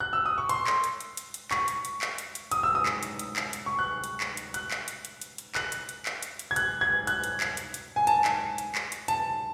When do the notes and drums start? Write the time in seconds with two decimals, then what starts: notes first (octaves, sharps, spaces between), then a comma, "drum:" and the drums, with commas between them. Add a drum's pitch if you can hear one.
0.00 F#6
0.13 E6
0.26 D#6
0.38 C#6
0.49 C6, drum: hi-hat
0.67 drum: clap
0.84 drum: hi-hat
1.01 drum: hi-hat
1.17 drum: hi-hat
1.34 drum: hi-hat
1.51 C#6, drum: clap
1.68 drum: hi-hat
1.85 drum: hi-hat
2.02 drum: clap
2.18 drum: hi-hat
2.35 drum: hi-hat
2.51 D#6, drum: hi-hat
2.63 E6
2.75 D#6
2.86 drum: clap
3.03 drum: hi-hat
3.19 drum: hi-hat
3.36 drum: clap
3.53 drum: hi-hat
3.66 C#6
3.79 F#6
4.04 drum: hi-hat
4.20 drum: clap
4.37 drum: hi-hat
4.54 F#6, drum: hi-hat
4.71 drum: clap
4.88 drum: hi-hat
5.05 drum: hi-hat
5.21 drum: hi-hat
5.38 drum: hi-hat
5.55 F#6, drum: clap
5.72 drum: hi-hat
5.89 drum: hi-hat
6.06 drum: clap
6.23 drum: hi-hat
6.39 drum: hi-hat
6.51 G#6
6.56 F#6, drum: hi-hat
6.81 G#6
7.07 F#6, drum: hi-hat
7.24 drum: hi-hat
7.40 drum: clap
7.57 drum: hi-hat
7.74 drum: hi-hat
7.96 G#5
8.07 A5, drum: hi-hat
8.25 drum: clap
8.58 drum: hi-hat
8.75 drum: clap
8.92 drum: hi-hat
9.08 A5, drum: hi-hat